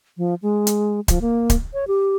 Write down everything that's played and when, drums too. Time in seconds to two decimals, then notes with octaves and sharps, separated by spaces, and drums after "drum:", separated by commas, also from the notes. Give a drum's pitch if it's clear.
0.17 F3
0.42 G#3
0.67 drum: hi-hat
1.08 F3, drum: kick D1, hi-hat
1.21 A#3
1.50 drum: kick D1, hi-hat
1.74 C#5
1.88 G4